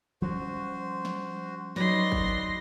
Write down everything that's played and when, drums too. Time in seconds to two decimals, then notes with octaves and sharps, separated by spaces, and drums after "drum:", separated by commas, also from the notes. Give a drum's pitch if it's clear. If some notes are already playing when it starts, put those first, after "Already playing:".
0.22 F3 G3 C#4 F#4 C5
1.05 drum: snare
1.76 F#3 D#4 B4 D5 C6 A#6, drum: snare
2.12 drum: kick